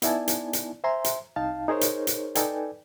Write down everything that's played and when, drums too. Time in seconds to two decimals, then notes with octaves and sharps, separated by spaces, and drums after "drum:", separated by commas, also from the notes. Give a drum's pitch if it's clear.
0.02 B3 D#4 E4 D5 G#5 A5, drum: hi-hat
0.28 drum: hi-hat
0.53 drum: hi-hat
0.84 C5 E5 G#5 A#5 C6
1.04 drum: hi-hat
1.36 C2 D#4 F5 A5
1.68 D#4 G#4 A#4 C5 C#5
1.81 drum: hi-hat
2.07 drum: hi-hat
2.35 D#4 A4 B4 D5 G5 G#5, drum: hi-hat